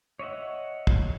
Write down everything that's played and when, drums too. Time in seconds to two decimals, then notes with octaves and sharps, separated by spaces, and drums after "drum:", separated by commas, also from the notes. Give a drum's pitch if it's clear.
0.19 C#5 D#5 E5 F#5
0.87 drum: kick